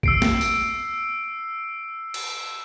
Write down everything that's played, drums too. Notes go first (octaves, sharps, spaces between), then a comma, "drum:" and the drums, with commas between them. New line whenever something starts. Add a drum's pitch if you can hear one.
E6 C7 D7, drum: kick
drum: snare
drum: tambourine
drum: cymbal